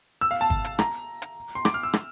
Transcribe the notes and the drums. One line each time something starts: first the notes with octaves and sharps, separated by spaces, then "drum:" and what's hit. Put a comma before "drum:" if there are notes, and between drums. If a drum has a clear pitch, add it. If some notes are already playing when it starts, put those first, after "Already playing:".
E6
F5
A5
drum: kick G1
drum: hi-hat
A#5, drum: rim click
drum: hi-hat
C6
D6, drum: rim click
F6
E6
drum: rim click